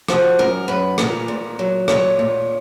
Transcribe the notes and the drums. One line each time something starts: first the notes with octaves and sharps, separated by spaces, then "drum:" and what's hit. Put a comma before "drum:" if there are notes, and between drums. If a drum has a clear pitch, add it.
F3 F#4, drum: rim click
F#2 A#4
F#2 B4
A#2 A#4, drum: rim click
A#2
F#3
A#2 C#5, drum: rim click
A#2